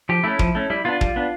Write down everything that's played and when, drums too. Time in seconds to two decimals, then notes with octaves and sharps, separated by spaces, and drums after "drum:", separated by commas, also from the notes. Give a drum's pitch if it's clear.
0.09 F3 G4
0.24 A3 C#4 E4
0.39 F3, drum: kick
0.55 A3 C#4
0.70 G3 E4
0.85 B3 D4 F4
1.01 G3, drum: kick
1.16 B3 D4